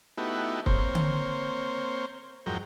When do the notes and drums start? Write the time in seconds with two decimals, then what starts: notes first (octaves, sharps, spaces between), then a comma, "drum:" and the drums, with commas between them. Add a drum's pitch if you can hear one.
0.18 A3 B3 D#4 E4 F#4 G4
0.66 A#3 C4 C5 C#5, drum: kick
0.95 drum: tom D3
2.46 F2 G#2 F#3 A#4 G5